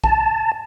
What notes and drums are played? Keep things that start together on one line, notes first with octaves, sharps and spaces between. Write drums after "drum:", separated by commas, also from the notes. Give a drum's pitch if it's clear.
A5, drum: kick A#1